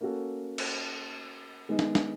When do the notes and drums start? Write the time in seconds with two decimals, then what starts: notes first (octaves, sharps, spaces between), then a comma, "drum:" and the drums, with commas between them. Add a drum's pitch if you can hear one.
0.01 A#3 C#4 F#4 A4
0.58 drum: cymbal
1.69 D#3 G#3 B3 D#4
1.79 drum: snare
1.95 drum: snare